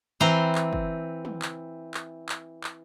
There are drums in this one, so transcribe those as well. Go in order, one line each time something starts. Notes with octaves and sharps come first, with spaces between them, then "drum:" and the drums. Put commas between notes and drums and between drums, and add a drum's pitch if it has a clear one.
E3 C4 C5 G5 A#5
drum: clap
drum: kick
drum: tom
drum: clap
drum: clap
drum: clap
drum: clap